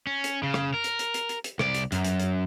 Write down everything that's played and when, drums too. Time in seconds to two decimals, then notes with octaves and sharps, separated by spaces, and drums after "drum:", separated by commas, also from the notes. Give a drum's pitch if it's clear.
0.07 C#4
0.24 drum: hi-hat
0.43 C#3
0.54 drum: rim click
0.74 A#4
0.84 drum: hi-hat
0.99 drum: hi-hat
1.14 drum: hi-hat
1.29 drum: hi-hat
1.44 drum: hi-hat
1.59 C2 D5, drum: rim click
1.74 drum: hi-hat
1.92 F#2, drum: hi-hat
2.05 drum: hi-hat
2.20 drum: hi-hat